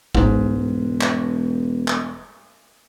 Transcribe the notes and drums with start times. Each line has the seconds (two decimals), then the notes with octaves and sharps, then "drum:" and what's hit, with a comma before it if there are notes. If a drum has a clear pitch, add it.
0.15 E1 G#2, drum: kick
1.01 drum: clap
1.88 drum: clap